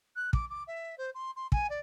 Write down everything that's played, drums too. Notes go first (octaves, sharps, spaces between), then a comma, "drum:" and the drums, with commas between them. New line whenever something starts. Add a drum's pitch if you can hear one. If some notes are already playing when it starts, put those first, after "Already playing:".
F#6
D6, drum: kick
D6
E5
C5
C6
C6
G#5, drum: kick
D5